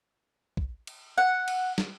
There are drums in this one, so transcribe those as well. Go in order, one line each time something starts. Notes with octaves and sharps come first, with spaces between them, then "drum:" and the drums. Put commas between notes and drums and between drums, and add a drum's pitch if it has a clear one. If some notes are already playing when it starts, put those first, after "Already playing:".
drum: kick
drum: cymbal
F#5
drum: cymbal
drum: snare